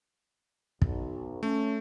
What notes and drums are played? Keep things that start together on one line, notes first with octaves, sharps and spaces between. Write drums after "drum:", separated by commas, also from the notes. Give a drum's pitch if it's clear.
B1, drum: kick
A3 C#4